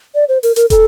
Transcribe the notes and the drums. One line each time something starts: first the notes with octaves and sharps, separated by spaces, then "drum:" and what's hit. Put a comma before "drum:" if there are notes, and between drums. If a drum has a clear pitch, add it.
D5
C5
A#4, drum: open hi-hat
A#4, drum: hi-hat
A4, drum: kick, hi-hat